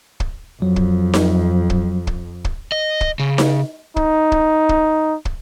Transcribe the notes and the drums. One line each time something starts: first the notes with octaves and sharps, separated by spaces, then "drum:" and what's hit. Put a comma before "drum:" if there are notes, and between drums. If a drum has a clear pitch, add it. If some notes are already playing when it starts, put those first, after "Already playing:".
drum: kick
F2 F#3
drum: kick
drum: snare D#4
drum: kick
drum: kick
drum: kick
D#5
drum: kick
C#3
drum: snare D#4
D#4, drum: kick
drum: kick
drum: kick
drum: kick